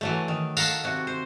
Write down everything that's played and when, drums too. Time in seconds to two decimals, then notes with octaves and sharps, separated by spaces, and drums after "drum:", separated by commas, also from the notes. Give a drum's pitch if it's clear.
0.01 E3 F#3 A3
0.28 D#3
0.57 A4 F5 F#5 A#5, drum: tambourine
0.84 C3 F#4
1.07 C5